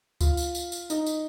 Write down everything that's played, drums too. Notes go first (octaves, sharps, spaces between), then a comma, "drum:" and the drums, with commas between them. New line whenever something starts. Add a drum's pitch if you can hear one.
F4, drum: kick C#2, tambourine
drum: tambourine
drum: tambourine
drum: tambourine
D#4, drum: tambourine
drum: tambourine